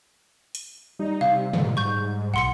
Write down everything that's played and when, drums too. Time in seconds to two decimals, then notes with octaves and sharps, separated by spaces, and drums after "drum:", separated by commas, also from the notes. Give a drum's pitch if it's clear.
0.55 drum: hi-hat
0.99 G3 D#4
1.21 C3 F5
1.53 G#2, drum: tom
1.77 C#6 G6
2.34 B1 F#5 C6 C#7